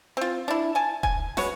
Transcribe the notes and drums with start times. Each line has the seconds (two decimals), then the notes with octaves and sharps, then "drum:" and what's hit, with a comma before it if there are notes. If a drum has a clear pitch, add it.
0.17 C4 F4
0.48 D4 E4
0.75 G#5 A5
1.03 G#5, drum: kick E1
1.37 G#3 F#4 B4 C#5, drum: snare